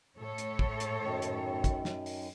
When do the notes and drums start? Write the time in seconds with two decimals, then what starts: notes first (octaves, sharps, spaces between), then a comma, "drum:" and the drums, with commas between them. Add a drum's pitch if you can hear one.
0.17 A2 A4 C#5
0.38 drum: hi-hat
0.59 drum: kick
0.80 drum: hi-hat
1.01 F#2 D#3
1.22 drum: hi-hat
1.64 drum: kick, hi-hat
1.85 drum: snare
2.06 drum: open hi-hat